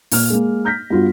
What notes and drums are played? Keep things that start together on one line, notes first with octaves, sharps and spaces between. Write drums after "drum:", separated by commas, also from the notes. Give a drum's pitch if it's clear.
A#2 F6, drum: open hi-hat
G#3 A#3
F6 G6 A#6 B6
G2 B3 F4 F#4